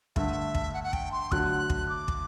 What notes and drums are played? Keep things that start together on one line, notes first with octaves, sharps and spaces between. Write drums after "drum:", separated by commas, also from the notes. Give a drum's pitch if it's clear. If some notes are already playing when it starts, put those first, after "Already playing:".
G2 D3 A3 E5, drum: kick
drum: kick
F#5
F#5
G5, drum: kick
C6
D3 F#3 A3 F#6, drum: kick
drum: kick
D6
drum: kick